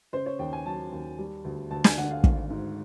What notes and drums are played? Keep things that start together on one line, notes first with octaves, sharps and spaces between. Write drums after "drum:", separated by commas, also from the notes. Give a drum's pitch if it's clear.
C#3 C5
C#5
D#2 G5
G#5
F#3 A5
D#2
G3
D2
D2 A5
G#5, drum: snare
D3 F#5
F5
G#1, drum: kick
G#2